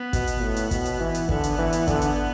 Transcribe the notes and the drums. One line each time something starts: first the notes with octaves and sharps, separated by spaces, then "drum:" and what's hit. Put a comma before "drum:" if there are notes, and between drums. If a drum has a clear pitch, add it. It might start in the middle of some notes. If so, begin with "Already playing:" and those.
Already playing: B3
B2, drum: kick G#1, hi-hat
drum: hi-hat
A2
drum: hi-hat
B2 B3, drum: kick G#1, hi-hat
drum: hi-hat
E3
drum: hi-hat
D3 B3, drum: kick G#1
drum: hi-hat
E3
drum: hi-hat
D3, drum: kick G#1, hi-hat
drum: hi-hat